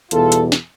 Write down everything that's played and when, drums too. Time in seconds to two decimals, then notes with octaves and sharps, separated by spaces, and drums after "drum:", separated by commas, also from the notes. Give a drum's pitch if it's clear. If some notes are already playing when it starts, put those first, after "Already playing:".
0.11 E2 B2 G3 F4 A4, drum: hi-hat
0.32 drum: hi-hat
0.52 drum: snare